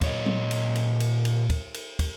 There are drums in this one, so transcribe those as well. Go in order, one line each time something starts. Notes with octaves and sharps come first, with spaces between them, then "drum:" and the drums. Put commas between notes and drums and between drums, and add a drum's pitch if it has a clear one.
A#2 C#5 D#5, drum: kick, cymbal
drum: tom F#3
drum: cymbal
drum: cymbal
drum: cymbal
drum: cymbal
drum: kick, cymbal
drum: cymbal
drum: kick, cymbal